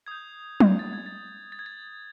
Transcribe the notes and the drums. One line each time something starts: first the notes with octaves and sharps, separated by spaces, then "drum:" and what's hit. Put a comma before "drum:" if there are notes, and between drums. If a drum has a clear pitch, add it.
D#6 G6 G#6
drum: tom F#3
A6
G#6
A6
A6
G#6
A6